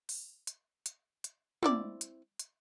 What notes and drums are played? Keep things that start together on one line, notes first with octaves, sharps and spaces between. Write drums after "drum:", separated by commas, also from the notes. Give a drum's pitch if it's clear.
drum: open hi-hat
drum: hi-hat
drum: hi-hat
drum: hi-hat
C4 E4 D5, drum: tom
drum: hi-hat
drum: hi-hat